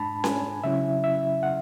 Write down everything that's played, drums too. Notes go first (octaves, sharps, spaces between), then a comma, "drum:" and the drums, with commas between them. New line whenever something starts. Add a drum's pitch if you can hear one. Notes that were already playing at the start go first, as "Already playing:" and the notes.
Already playing: G#2 G#3 D4 A5 B5
G#5, drum: snare C#4
C#3 F#3 C#4 E4 E5
E5
F#5